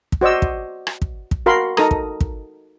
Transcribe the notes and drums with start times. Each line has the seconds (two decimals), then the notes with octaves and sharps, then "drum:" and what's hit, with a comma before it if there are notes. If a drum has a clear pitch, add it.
0.12 drum: kick
0.21 F#4 C5 D5 D#5 E6
0.42 drum: kick
0.87 drum: rim click
1.02 drum: kick
1.31 drum: kick
1.46 F#4 A#4 F5 B5 C6
1.77 D#4 A4 A#4 A#5 D#6, drum: rim click
1.91 drum: kick
2.20 drum: kick